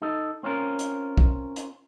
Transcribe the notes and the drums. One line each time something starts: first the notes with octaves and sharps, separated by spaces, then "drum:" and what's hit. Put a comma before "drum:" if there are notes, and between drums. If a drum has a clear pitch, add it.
D#4 A4
C4 C#4 F4 A#4
drum: hi-hat
drum: kick
drum: hi-hat